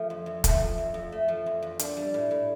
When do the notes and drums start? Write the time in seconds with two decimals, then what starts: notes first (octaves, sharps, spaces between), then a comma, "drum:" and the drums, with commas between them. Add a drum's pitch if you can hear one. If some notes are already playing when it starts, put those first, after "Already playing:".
Already playing: F3 A3
0.10 F2
0.26 F2
0.44 A3, drum: kick, hi-hat
0.60 F3
0.78 F2
0.94 F2
1.12 A3
1.28 F3
1.46 F2
1.62 F2
1.79 D4, drum: hi-hat
1.97 G3
2.14 A2
2.31 A2